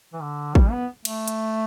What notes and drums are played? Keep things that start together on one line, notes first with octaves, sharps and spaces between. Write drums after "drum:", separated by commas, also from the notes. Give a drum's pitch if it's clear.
E3
D3
G3, drum: kick
B3
A3, drum: cymbal
drum: hi-hat